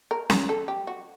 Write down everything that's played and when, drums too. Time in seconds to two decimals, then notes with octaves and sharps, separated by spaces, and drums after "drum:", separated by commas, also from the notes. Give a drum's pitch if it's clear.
0.11 A#4
0.30 A#4, drum: snare C#4
0.49 A4
0.68 G4
0.87 F#4